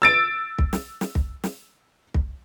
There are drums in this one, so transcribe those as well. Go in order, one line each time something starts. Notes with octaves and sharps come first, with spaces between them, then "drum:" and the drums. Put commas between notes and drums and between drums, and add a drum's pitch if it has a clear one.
E6 A6 D7
drum: kick
drum: snare
drum: snare
drum: kick
drum: snare
drum: kick